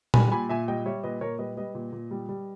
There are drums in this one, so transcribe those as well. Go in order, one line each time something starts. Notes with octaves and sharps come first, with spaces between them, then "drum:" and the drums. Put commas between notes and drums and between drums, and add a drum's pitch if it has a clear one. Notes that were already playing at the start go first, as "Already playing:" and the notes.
G3 G#5 B5, drum: tom A#2
A#2 G#5 B5
A#2 E5 G#5
G3 D#5 G5
G3 C#5 E5
A#2 B4 D#5
A#2 A#4 C#5
G3 B4 D#5
G3 B4 D#5
A#2
A#2
G3
G3